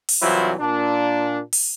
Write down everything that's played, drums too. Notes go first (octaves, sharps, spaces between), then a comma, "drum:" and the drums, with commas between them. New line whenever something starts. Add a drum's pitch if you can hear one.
drum: open hi-hat
C2 E3 F#3 E4 F4 C5
A#2 D4
drum: open hi-hat